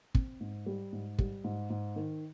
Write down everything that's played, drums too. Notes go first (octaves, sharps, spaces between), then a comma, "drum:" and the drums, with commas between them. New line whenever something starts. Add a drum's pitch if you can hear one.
C4, drum: kick
G#2
G3
G#2
G3, drum: kick
G#2
G#2
D#3